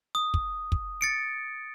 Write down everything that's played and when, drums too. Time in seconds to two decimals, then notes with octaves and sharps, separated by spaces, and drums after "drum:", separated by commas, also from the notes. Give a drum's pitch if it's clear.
0.15 D#6
0.34 drum: kick
0.72 drum: kick
1.01 A6 C#7 D7